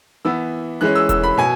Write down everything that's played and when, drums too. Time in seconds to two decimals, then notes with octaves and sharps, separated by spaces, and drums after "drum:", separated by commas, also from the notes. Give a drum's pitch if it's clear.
0.25 E3 B3 E6
0.81 E3 G#3 C#4 F#6
0.95 E6
1.09 E6, drum: kick E1, hi-hat
1.24 B5
1.38 B2 G#5